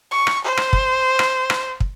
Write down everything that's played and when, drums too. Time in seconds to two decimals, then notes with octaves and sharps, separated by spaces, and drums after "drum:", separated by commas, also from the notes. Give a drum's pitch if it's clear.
0.11 C#6
0.27 drum: rim click
0.44 C5
0.57 drum: rim click
0.73 drum: kick
1.19 drum: rim click
1.50 drum: rim click
1.80 drum: kick